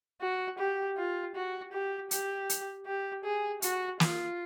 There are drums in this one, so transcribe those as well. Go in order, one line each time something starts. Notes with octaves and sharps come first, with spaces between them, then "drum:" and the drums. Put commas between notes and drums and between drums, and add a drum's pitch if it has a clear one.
F#4
G4
F4
F#4
G4
G4, drum: hi-hat
drum: hi-hat
G4
G#4
F#4, drum: hi-hat
F4, drum: snare